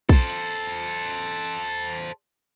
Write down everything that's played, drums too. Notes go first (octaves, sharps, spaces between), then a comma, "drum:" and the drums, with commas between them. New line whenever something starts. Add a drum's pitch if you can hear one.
A4 C5, drum: kick
drum: hi-hat
drum: hi-hat